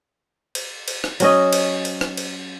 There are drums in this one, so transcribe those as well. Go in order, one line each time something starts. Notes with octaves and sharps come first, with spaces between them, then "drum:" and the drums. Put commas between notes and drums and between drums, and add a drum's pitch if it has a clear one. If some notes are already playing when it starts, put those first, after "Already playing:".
drum: cymbal
drum: cymbal
drum: rim click
F#3 C#4 D#5, drum: cymbal
drum: cymbal
drum: cymbal
drum: rim click
drum: cymbal